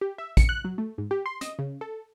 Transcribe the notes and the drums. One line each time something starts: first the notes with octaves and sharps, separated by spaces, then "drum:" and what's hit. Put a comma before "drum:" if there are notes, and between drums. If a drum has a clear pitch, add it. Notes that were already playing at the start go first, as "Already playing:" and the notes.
G4
E5
C#7, drum: kick A#1, hi-hat
F#6
F#3
A3
G#2
G4
C6
D#5, drum: hi-hat
C#3
A4